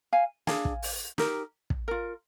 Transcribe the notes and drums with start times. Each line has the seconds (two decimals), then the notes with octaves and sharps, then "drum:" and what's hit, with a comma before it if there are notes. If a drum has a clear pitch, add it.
0.13 F5 G#5
0.47 D4 G#4 F5 G#5, drum: snare
0.65 drum: kick
0.83 drum: open hi-hat
1.18 D#4 G4 A#4, drum: snare
1.70 drum: kick
1.88 F4 A#4